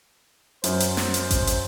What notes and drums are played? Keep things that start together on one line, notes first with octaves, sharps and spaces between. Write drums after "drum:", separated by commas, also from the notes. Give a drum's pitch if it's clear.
F#2 C5, drum: hi-hat
drum: hi-hat
drum: snare
drum: hi-hat
drum: kick G#1, hi-hat
drum: hi-hat